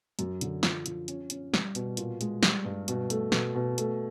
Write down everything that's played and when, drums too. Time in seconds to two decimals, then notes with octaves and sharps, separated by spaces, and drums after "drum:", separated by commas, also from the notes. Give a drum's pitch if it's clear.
0.19 F#2, drum: hi-hat
0.41 D3, drum: hi-hat
0.63 F3, drum: snare
0.86 F3, drum: hi-hat
1.08 C#4, drum: hi-hat
1.30 C#4, drum: hi-hat
1.54 G3, drum: snare
1.75 B2, drum: hi-hat
1.97 A#2, drum: hi-hat
2.21 G#3, drum: hi-hat
2.43 G3, drum: snare
2.65 G2
2.88 B2, drum: hi-hat
3.10 A3, drum: hi-hat
3.32 B2, drum: snare
3.55 B2
3.78 A3, drum: hi-hat